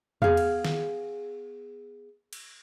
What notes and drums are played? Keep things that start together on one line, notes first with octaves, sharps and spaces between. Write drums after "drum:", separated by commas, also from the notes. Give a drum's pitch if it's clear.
B3 G#4 F5, drum: tom E2
drum: cymbal
drum: snare
drum: cymbal